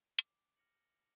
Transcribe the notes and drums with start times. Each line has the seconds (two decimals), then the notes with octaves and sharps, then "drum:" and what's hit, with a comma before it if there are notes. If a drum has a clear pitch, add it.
0.19 D6, drum: hi-hat
0.56 F6 A#6 C#7 F#7